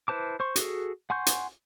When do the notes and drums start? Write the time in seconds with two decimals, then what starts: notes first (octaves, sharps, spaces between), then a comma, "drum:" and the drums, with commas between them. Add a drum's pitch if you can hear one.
0.08 E4 B4 C5 A5 D6
0.40 C5 C6 C#6
0.56 F#4 G#4 A4, drum: hi-hat
1.10 F#5 G#5 C6 C#6 G6
1.26 drum: hi-hat